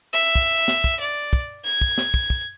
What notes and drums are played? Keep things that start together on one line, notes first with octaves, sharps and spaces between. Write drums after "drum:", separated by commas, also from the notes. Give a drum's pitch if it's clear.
E5
drum: kick
drum: snare
drum: kick
D5
drum: kick
G#6
drum: kick
drum: snare
drum: kick
drum: kick